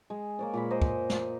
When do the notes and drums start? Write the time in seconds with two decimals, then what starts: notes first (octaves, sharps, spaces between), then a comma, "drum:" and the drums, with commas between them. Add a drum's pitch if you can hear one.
0.10 G#3
0.39 A#3 C#5 D5
0.54 A#2 G#3 B5
0.70 A#4 C5 D#5
0.82 drum: kick
1.10 drum: snare